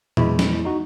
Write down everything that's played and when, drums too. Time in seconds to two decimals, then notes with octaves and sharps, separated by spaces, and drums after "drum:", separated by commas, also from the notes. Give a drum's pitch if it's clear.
0.17 E2 G#3 E4, drum: tom A#2
0.39 drum: snare
0.65 D#4 F#4